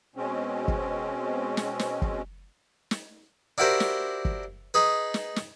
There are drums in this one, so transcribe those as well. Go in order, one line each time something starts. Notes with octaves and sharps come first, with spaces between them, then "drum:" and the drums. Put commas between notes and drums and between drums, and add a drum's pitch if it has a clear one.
B2 G#3 C4 C#4
drum: kick
drum: snare
drum: snare
drum: kick
drum: snare
D4 E4 F#4 G4 A#4 C5
drum: snare
drum: kick
D#4 G#4 B4
drum: snare
drum: snare